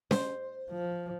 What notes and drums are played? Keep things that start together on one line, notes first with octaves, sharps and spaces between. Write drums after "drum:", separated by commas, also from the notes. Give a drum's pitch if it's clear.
C5, drum: snare C#4
F3